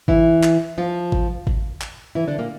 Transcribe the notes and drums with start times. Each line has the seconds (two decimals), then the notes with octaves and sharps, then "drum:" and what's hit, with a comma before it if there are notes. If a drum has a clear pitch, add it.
0.08 E3 E4, drum: kick G#1
0.43 drum: clap
0.78 F3 F4
1.12 drum: kick G#1
1.47 drum: kick G#1
1.81 drum: clap
2.15 E3 E4
2.27 D3 D4
2.38 A#2 A#3